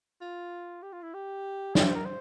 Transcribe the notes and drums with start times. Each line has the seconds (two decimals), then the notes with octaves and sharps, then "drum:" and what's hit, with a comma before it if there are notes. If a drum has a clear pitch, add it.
0.21 F4
0.83 G4
0.93 F4
1.03 E4
1.14 G4
1.75 A4, drum: snare
1.85 C5
1.96 A#4
2.06 C5